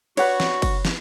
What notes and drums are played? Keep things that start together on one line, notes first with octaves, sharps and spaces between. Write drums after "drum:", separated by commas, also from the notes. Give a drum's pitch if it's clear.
D4 F#4 B4 C#5 F#5, drum: cymbal
drum: snare
drum: kick F#1, cymbal
drum: snare